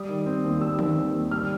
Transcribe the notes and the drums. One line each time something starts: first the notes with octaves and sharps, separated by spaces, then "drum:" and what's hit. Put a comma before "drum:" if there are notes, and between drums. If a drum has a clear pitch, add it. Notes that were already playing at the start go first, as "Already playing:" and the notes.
Already playing: G3 D#6
D#3
C4
D#2
G3 E6
D#3, drum: tom D#3
C4
D#2
G3 F6